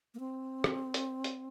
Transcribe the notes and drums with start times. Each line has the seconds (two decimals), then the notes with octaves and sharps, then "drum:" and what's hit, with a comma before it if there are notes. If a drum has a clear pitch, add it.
0.14 A#3
0.20 C4
0.64 drum: rim click
0.94 drum: hi-hat
1.24 drum: hi-hat